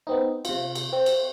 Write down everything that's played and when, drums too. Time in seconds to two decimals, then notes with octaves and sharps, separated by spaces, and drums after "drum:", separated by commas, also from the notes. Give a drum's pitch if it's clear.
0.07 B3 C4 D#4
0.45 C3 F4, drum: cymbal
0.75 drum: cymbal
0.93 C4
1.06 drum: cymbal